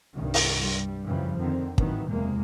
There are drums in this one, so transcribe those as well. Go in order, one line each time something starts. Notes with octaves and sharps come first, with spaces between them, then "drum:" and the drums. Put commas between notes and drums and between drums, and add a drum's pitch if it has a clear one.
C2 G2 D#3
drum: open hi-hat
G2 G3
F#2 C#3 E3 F3 G3
F2 D3 D#3 C4
A1 G#2 D#3 E3 F#3 B3, drum: kick
F#1 E2 C3 G#3 A#3